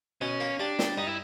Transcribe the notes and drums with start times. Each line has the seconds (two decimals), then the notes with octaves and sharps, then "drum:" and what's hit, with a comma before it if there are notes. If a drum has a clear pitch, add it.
0.21 B2 C#4
0.40 A#3
0.60 G3 D4
0.79 G3, drum: snare
0.98 G2 D#4
1.07 E4